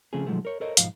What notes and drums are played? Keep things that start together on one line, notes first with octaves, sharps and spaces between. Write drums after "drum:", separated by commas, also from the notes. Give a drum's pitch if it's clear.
C#3 F3 A3 C4 G#4
B2 D#3 F3 F#3 G#3 A3
A#4 C#5
A4 A#4 C5 C#5 D#5
B1 G#2 F3 F5, drum: hi-hat